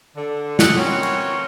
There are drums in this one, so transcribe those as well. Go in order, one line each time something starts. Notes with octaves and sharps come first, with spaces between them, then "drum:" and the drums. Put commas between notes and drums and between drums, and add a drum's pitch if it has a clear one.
D3
C3 F#3 D#5 F#5, drum: snare
E3 C4 C#4 F#4 A#4 C#5
drum: cymbal